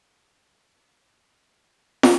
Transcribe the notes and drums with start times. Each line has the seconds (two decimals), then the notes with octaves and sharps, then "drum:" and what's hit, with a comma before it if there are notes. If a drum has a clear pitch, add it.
0.77 D4 A#4
2.03 drum: snare